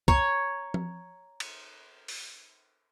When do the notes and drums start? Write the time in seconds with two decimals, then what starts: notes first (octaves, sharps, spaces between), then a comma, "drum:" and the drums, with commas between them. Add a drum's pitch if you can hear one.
0.08 C#5 A#5, drum: kick
0.74 drum: tom F3
1.40 drum: cymbal
2.08 drum: open hi-hat